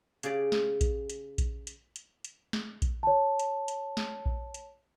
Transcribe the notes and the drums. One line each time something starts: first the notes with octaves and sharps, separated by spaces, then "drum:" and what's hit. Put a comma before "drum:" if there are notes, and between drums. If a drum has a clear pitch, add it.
C#3 G4 G#4 D5, drum: hi-hat
drum: snare
drum: kick A#1, hi-hat
drum: hi-hat
drum: kick A#1, hi-hat
drum: hi-hat
drum: hi-hat
drum: hi-hat
drum: snare
drum: kick A#1, hi-hat
C#5 A5
drum: hi-hat
drum: hi-hat
drum: snare
drum: kick A#1
drum: hi-hat